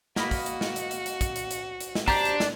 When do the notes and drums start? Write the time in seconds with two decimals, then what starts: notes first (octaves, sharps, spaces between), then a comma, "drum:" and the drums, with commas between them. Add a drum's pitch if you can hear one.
0.16 A#3 F#4 D#5 B5, drum: snare
0.31 drum: kick, open hi-hat
0.46 drum: hi-hat
0.61 drum: snare
0.76 drum: hi-hat
0.91 drum: hi-hat
1.06 drum: hi-hat
1.21 drum: kick, hi-hat
1.36 drum: hi-hat
1.51 drum: hi-hat
1.81 drum: hi-hat
1.95 drum: snare
2.08 D4 G4 C5 A#5 C6, drum: kick, open hi-hat
2.25 drum: hi-hat
2.40 drum: snare